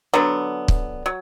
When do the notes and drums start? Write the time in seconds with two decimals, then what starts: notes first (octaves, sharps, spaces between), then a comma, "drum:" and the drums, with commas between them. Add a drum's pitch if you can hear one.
0.14 D3 F#3 B3
0.68 drum: kick
1.06 F#3